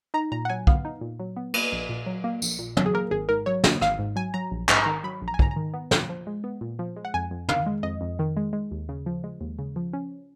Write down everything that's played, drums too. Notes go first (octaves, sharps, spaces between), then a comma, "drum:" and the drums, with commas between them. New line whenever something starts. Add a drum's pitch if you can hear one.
D#4 A#5
A#2 A#5
F#5
F#3 G#5
B3 F5, drum: kick
D#4
A#2
F#3
B3
A#3 B4, drum: cymbal
A#1
A#2
F#3
A#3
A#1, drum: tambourine
A#2
F#3, drum: tom
G#4
A#3 A#4
G#1 G#4
G#2 A#4
F#3 C#5
A#3 D#5, drum: snare
G#1 F5, drum: rim click
G#2
F#3 G#5
F#3 A#5
A#1
G#2 A#5, drum: clap
B5
A#5
D#3
F#3 B5
A#1
A#5
G#5
G#2 A#5, drum: kick
A#5
D#3
B3
A#2, drum: snare
F3
G#3
B3
A#2
F3
G#3
F#5
F2 G#5
F2
D#3 F5, drum: tom
G#3
F2 D#5
F2
D#3
G#3
G#3
D#2
C#3
F3
G#3
D#2
C#3
F3
C#4